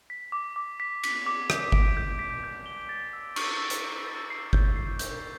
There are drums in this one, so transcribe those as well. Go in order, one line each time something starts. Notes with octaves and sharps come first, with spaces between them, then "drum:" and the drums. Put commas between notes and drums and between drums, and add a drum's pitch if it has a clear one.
B6
D6
D6
B6
B6, drum: cymbal
D6
G6, drum: rim click
D7, drum: kick G1
G6
B6
G6
G7
A6
E6
C#6, drum: cymbal
A6
drum: hi-hat
C#6
A6
C7
G6, drum: kick G1
C7
G6, drum: hi-hat